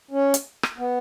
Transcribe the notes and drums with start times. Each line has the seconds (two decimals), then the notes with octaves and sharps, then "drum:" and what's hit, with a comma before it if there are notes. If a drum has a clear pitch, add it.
0.11 C#4
0.34 drum: hi-hat
0.63 drum: rim click
0.78 B3